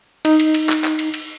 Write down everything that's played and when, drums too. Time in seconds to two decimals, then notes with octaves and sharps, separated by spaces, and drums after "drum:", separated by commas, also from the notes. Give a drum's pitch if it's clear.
0.25 D#4, drum: cymbal
0.40 drum: cymbal
0.54 drum: cymbal
0.69 drum: clap
0.84 drum: clap
0.99 drum: cymbal
1.14 drum: cymbal